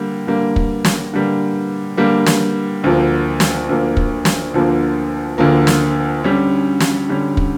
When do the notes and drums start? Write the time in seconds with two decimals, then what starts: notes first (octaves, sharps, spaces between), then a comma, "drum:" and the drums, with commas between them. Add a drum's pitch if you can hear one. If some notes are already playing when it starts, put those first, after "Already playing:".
Already playing: D3 G3 A#3
0.27 D3 G3 A#3
0.56 drum: kick
0.85 drum: snare
1.13 D3 G3 A#3
1.97 D3 G3 A#3
2.26 drum: snare
2.84 D2 D3 F3 A#3
3.40 drum: snare
3.69 D2 D3 F3 A#3
3.97 drum: kick
4.25 drum: snare
4.54 D2 D3 F3 A#3
5.38 D2 D3 F3 A#3
5.67 drum: snare
6.24 D3 G3 C#4
6.80 drum: snare
7.09 D3 G3 C#4
7.37 drum: kick